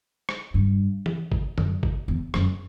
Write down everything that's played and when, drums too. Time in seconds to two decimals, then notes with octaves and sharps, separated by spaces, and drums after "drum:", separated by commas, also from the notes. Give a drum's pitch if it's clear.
0.29 drum: rim click
0.54 G2
1.06 drum: tom E3
1.32 drum: kick G#1
1.58 F#2, drum: tom D3
1.83 drum: kick G#1
2.08 E2
2.34 F#2, drum: rim click